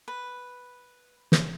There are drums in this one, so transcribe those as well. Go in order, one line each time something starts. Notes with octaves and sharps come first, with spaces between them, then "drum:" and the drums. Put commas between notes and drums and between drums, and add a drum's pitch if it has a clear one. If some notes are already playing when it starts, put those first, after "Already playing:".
B4
drum: snare